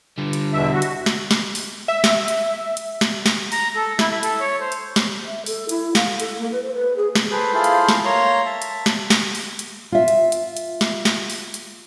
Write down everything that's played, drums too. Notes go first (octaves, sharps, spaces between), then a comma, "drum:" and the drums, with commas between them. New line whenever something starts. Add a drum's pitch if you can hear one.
D3 G3
drum: hi-hat
E2 B2 E5
F#4
drum: hi-hat
drum: snare
drum: snare
drum: open hi-hat
E5
drum: snare
drum: hi-hat
drum: hi-hat
drum: snare
drum: snare
A#5, drum: open hi-hat
A4
E4, drum: snare
E5
A4, drum: hi-hat
C#5
C5
drum: hi-hat
drum: snare
E5
A4, drum: open hi-hat
E4, drum: hi-hat
F5, drum: snare
A4, drum: hi-hat
A#3
B4
C5
B4
G#4
drum: snare
G#4 A4 B4 C5
E4 F4 G#4 A4 C5 F5
drum: hi-hat
drum: snare
A#3 C#5 A#5 C6
E5 A5
drum: hi-hat
drum: snare
drum: snare
drum: open hi-hat
drum: hi-hat
F4 E5
drum: hi-hat
drum: hi-hat
drum: hi-hat
drum: snare
drum: snare
drum: open hi-hat
drum: hi-hat